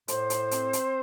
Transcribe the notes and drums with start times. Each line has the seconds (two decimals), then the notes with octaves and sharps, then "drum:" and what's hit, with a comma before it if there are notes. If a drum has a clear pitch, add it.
0.08 A2 C5, drum: hi-hat
0.30 drum: hi-hat
0.51 C4, drum: hi-hat
0.73 drum: hi-hat